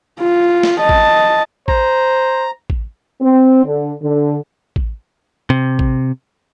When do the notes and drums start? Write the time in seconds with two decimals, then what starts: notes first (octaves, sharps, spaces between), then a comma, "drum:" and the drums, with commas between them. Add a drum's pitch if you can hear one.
0.20 F4
0.63 drum: snare
0.80 D#5 A5
0.89 drum: kick A1
1.68 C5 A#5, drum: kick A1
2.70 drum: kick A1
3.21 C4
3.65 D3
4.02 D3
4.76 drum: kick A1
5.50 C3
5.79 drum: kick A1